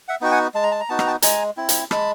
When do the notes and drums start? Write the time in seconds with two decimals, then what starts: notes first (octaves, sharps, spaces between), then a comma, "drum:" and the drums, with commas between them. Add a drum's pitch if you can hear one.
0.08 E5 F#5
0.21 B3 D#4 F#4 G5
0.32 F#5 G#5
0.54 G#3 A5
0.63 A#5
0.72 A5
0.80 A#5
0.89 B3 D#4 F#4 A5
0.99 A#5, drum: rim click
1.07 G5 A5
1.22 G#3 G#5 A#5, drum: hi-hat
1.57 C4 E4
1.69 drum: hi-hat
1.91 G#3 A5 B5, drum: rim click